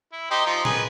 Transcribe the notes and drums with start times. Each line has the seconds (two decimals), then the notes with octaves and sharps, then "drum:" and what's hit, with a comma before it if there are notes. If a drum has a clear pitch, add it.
0.12 E4
0.31 D#4 G4 C5
0.46 F3 D#4
0.65 G#4 A#4 B4, drum: tom A#2